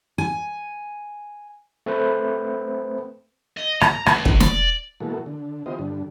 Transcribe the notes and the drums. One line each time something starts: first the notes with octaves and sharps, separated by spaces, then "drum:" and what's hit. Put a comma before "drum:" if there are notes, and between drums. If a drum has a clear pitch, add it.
G#5
A3 C4 A4 B4 C5
D#5
A#5, drum: rim click
C#2, drum: rim click
drum: kick
D5, drum: snare
B2 E3 G#3 A#3 F#4 A4
D3
E3 B3 F4 G4 C5 D#5
G2 D3